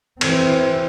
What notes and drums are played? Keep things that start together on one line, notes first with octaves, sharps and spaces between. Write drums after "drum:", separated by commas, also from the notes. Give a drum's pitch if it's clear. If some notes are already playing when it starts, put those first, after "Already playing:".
E3 C4, drum: cymbal